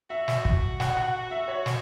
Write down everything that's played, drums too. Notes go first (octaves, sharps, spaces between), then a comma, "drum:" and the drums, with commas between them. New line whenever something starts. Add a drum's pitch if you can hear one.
F#4 E5
drum: snare
drum: kick
F#5, drum: snare
F#5
E5
C#5
drum: snare